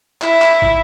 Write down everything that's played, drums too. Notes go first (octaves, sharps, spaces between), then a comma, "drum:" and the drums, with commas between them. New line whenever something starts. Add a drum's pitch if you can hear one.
E4 E5, drum: clap
drum: clap
drum: kick